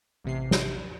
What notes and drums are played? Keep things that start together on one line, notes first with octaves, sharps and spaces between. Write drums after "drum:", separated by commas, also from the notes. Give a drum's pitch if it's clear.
A1 C3 C7
drum: snare